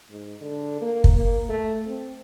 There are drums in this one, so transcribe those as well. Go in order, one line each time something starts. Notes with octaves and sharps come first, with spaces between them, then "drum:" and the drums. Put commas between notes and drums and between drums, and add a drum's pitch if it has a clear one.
G#2
D3
A#3
drum: kick
A#3
A3
C4